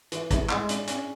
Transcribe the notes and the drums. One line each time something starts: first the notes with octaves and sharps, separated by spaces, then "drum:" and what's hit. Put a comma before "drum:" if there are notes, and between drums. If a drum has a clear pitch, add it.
E3, drum: hi-hat
A2, drum: kick, hi-hat
G#3 G#4, drum: clap
D4, drum: hi-hat
C#4, drum: hi-hat